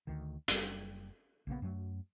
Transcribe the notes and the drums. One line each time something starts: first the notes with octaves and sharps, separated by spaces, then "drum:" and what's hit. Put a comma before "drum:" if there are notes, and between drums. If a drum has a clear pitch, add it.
D2 D#3
F#1 G3, drum: hi-hat
A#1 C#3 A#3 B3
F#2 F#3 A3